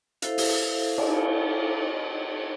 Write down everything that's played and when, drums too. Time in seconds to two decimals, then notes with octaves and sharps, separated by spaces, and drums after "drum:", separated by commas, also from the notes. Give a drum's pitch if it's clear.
0.22 E4 A4 C5 E5 F5, drum: hi-hat
0.38 drum: open hi-hat
0.98 drum: cymbal